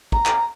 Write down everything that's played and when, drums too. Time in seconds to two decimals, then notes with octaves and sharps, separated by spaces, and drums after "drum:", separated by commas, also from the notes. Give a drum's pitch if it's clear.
0.12 A#5, drum: kick
0.26 drum: clap